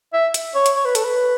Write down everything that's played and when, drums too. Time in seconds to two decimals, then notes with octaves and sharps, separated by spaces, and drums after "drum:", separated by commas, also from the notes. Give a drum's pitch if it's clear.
0.13 E5
0.34 drum: hi-hat
0.55 C#5
0.66 drum: hi-hat
0.76 C#5
0.86 B4
0.95 A4, drum: hi-hat
1.05 B4